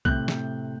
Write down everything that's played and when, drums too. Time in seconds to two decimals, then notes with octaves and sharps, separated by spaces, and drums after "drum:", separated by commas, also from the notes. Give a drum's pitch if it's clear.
0.05 A2 C3 F#6 G6, drum: kick B1
0.28 drum: snare